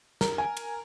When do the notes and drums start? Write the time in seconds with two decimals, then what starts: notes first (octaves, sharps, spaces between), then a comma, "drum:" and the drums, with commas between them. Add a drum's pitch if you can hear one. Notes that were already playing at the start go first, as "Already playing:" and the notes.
0.21 A#4, drum: snare
0.38 G#5
0.57 drum: cymbal